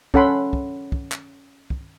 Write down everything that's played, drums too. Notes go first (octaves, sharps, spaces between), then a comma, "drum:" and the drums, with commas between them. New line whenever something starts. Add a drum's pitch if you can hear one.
C#4 A4 F#5 B5 C6, drum: kick
drum: kick
drum: kick
drum: clap
drum: kick